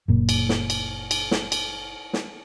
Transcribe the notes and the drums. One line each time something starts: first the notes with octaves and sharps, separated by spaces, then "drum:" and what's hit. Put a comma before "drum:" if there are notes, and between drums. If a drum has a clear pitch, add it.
F#1 A#2
drum: cymbal
drum: snare
drum: cymbal
drum: cymbal
drum: snare
drum: cymbal
drum: snare